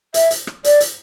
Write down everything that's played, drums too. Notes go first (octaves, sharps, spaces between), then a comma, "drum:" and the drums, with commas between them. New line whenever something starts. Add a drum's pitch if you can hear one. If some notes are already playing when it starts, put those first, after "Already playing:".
E5, drum: hi-hat
drum: hi-hat
drum: rim click
D5, drum: hi-hat
drum: hi-hat